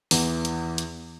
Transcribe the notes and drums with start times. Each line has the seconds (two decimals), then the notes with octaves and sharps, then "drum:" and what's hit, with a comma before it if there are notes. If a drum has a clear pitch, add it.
0.11 E2 E3, drum: open hi-hat
0.45 drum: hi-hat
0.78 drum: hi-hat